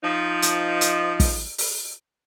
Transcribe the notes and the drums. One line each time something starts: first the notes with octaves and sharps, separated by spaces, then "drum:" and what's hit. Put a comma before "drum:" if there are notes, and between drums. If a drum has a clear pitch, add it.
F3 D#4
drum: hi-hat
drum: hi-hat
drum: kick, open hi-hat
drum: open hi-hat